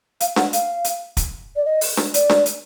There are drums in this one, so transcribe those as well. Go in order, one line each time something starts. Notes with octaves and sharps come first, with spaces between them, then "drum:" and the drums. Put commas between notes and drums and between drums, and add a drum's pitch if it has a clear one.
F5, drum: hi-hat
F#5, drum: snare D4
F5, drum: hi-hat
drum: hi-hat
drum: kick, hi-hat
D5
D#5
drum: open hi-hat
drum: snare D4
D5, drum: hi-hat
drum: snare D4
drum: hi-hat